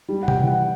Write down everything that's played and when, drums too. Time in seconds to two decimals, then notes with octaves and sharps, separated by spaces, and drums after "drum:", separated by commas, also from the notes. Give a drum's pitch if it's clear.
0.08 G3
0.23 F#5
0.28 G5, drum: tom C3
0.38 E3
0.48 F#5